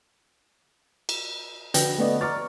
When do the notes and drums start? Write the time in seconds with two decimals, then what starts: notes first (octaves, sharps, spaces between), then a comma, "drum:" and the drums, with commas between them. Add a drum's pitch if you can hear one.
1.09 drum: cymbal
1.74 D3 F#4 B4 G5 A#6, drum: hi-hat
1.98 A3 B3 D5 D#5
2.21 A#5 C#6 D6 F6 A6